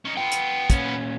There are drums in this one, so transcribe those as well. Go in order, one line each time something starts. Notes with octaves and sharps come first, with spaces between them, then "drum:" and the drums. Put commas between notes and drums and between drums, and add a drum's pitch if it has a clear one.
C#4 D#4
B3 F4 G5
drum: hi-hat
A#2 C#4, drum: kick, hi-hat